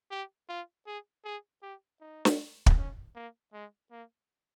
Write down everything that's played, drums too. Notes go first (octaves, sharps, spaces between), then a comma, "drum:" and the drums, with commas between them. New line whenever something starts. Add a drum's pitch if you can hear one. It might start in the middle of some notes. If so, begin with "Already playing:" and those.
G4
F4
G#4
G#4
G4
D#4
drum: snare
drum: kick
C#4
A#3
G#3
A#3